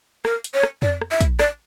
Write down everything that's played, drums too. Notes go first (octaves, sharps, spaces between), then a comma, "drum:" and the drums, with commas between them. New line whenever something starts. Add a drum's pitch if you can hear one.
A#4, drum: rim click
drum: hi-hat
C#5
drum: rim click
D5, drum: tom F2
drum: rim click
E5
drum: kick, hi-hat
D5, drum: rim click